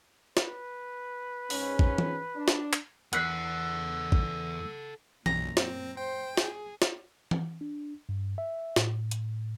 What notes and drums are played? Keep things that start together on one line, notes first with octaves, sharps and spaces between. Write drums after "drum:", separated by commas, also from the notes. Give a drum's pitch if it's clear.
B4, drum: snare
G#2 C#4, drum: open hi-hat
drum: kick
drum: tom E3
D4
drum: snare
drum: clap
E2 A4 F#5 E6 F#6 B6 C7, drum: hi-hat
drum: kick
B1 F#2 A#2 A#5, drum: tom E3
C4, drum: snare
C5 G5
G#4, drum: snare
drum: snare
drum: tom E3
D4
G2
E5
A2, drum: snare
drum: hi-hat